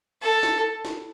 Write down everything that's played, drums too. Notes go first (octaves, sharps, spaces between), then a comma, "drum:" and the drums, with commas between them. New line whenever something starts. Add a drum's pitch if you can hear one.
A4
drum: snare
drum: snare